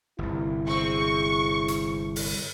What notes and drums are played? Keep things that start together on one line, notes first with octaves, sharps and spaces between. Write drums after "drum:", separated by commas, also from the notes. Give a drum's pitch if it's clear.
G1 C2 E4
G#3 C4 C#6
drum: hi-hat
drum: open hi-hat